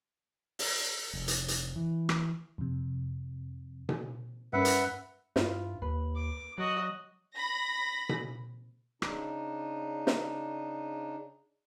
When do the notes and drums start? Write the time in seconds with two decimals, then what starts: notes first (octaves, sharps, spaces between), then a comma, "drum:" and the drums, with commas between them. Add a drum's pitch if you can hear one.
0.59 drum: open hi-hat
1.13 F1
1.28 drum: hi-hat
1.48 drum: hi-hat
1.76 E3
2.09 drum: rim click
2.58 F2 C3
3.89 drum: tom B2
4.53 G2 C#4 A#4 B4 E5 F#5
4.65 drum: hi-hat
5.36 G2 E4 F4, drum: snare
5.82 D#2 B4
6.16 D6
6.58 F#3 F#4 D#5
7.35 B5 A#6
8.09 drum: tom B2
9.02 C#3 D4 D#4, drum: rim click
10.07 drum: snare